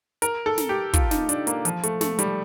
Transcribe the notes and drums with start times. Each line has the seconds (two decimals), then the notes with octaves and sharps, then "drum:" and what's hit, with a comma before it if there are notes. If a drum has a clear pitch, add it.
0.22 A#4, drum: hi-hat
0.46 A4
0.58 drum: snare
0.69 G4
0.93 F4, drum: kick, hi-hat
1.11 D#4, drum: snare
1.29 D4, drum: hi-hat
1.47 A#3, drum: hi-hat
1.65 F3, drum: hi-hat
1.83 A3, drum: hi-hat
2.01 A3, drum: snare
2.19 G3, drum: hi-hat